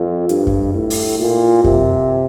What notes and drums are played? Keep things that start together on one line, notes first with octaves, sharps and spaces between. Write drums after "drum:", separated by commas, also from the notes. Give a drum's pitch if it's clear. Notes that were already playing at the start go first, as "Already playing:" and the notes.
Already playing: F2
G2, drum: hi-hat
drum: kick F#2
A2
drum: open hi-hat
A#2
C3, drum: kick F#2